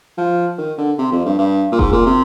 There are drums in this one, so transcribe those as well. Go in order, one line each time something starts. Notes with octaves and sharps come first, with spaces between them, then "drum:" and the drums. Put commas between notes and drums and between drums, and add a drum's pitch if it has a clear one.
F3
D#3
D3
C3
F2
G2
G2
A#2
G#2, drum: kick F1
A#2
C3